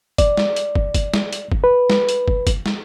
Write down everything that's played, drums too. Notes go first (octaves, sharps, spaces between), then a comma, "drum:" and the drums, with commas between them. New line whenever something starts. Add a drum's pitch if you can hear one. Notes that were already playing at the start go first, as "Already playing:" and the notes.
D5, drum: kick, hi-hat
drum: snare
drum: hi-hat
drum: kick
drum: kick, hi-hat
drum: snare
drum: hi-hat
drum: kick
B4
drum: snare
drum: hi-hat
drum: kick
drum: kick, hi-hat
drum: snare